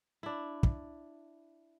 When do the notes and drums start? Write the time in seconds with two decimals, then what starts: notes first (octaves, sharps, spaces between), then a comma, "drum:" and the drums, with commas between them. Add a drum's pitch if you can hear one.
0.23 D4 E4
0.63 drum: kick